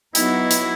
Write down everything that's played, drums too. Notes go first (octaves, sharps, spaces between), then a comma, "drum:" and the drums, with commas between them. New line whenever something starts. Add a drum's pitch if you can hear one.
F#3 B3 D#4 E4 F#4, drum: hi-hat
drum: hi-hat